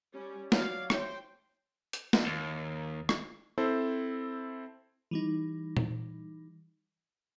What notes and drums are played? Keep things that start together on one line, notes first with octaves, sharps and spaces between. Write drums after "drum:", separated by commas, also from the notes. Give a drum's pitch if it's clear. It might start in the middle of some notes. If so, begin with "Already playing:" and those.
G3 C#4
F#3 C#5 D5 F5, drum: snare
C5 C#5 E5 G5 A5, drum: rim click
drum: hi-hat
drum: snare
D#2
drum: rim click
C4 E4 A4 C5
E3 G3 D#4
drum: tom A#2